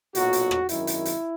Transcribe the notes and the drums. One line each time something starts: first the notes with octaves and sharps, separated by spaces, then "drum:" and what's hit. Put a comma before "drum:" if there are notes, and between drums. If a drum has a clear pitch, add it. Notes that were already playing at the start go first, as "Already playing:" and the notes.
B1 A#2 F#3 F#4, drum: hi-hat
drum: hi-hat
drum: rim click
G#1 F#2 D#3 E4, drum: hi-hat
drum: hi-hat
drum: hi-hat